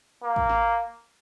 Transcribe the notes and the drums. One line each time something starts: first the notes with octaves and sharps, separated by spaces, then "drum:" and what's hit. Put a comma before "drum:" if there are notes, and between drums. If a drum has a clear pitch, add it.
A#3
drum: kick
drum: snare